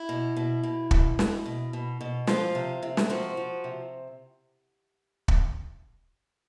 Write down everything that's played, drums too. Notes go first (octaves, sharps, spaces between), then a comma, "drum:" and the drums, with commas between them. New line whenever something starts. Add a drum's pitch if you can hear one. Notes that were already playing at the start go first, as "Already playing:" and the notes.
Already playing: E4
B2
B2
B2
B2, drum: kick
B2, drum: snare
B2
B2
B2
F3 F4, drum: snare
C3
C3
drum: snare
F3 F#4
F3
C3
drum: kick